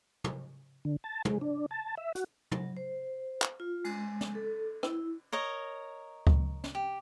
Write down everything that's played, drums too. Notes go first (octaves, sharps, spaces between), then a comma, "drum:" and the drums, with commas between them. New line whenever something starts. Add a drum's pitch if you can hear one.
drum: tom
D3
A5
G#3, drum: tom
D4
A5
E5
F#4, drum: hi-hat
F#3, drum: tom
C5
drum: clap
F4
G#3, drum: cymbal
drum: snare
A4
E4, drum: rim click
A#4 C#5 D#5
drum: kick C#2
drum: snare
G4